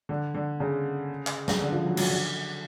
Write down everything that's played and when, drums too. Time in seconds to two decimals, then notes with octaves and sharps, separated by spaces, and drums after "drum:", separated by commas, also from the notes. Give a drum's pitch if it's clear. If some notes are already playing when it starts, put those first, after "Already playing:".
0.09 D3
0.34 D3
0.60 C#3
1.27 drum: clap
1.48 C#3, drum: snare
1.60 D3
1.72 F3
1.84 F#3
1.97 F#3, drum: cymbal
2.09 D3